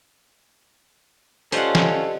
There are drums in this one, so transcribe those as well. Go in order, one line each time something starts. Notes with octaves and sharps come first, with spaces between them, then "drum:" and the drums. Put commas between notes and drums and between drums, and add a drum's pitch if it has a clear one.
C#4 F4 G4 A4 C5 D5 D#5 F#5, drum: hi-hat
drum: snare